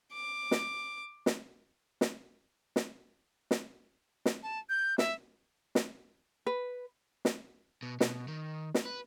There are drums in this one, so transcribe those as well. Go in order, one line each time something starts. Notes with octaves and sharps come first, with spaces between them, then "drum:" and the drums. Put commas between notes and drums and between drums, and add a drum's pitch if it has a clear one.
D6
drum: snare
drum: snare
drum: snare
drum: snare
drum: snare
drum: snare
A5
G6
E5, drum: snare
drum: snare
B4
drum: snare
B2
B2, drum: snare
D#3
drum: snare
B4